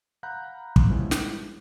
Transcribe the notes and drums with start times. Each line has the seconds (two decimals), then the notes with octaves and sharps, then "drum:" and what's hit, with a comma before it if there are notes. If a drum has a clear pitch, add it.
0.23 F5 F#5 A#5 B5 F#6 G6
0.76 drum: kick
0.90 F3 G3 G#3 B3 C#4 E4
1.11 drum: snare